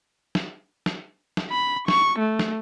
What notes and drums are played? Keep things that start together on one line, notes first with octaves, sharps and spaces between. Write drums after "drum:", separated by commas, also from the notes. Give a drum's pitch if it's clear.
drum: snare
drum: snare
drum: snare
B5
C#6, drum: snare
A3
drum: snare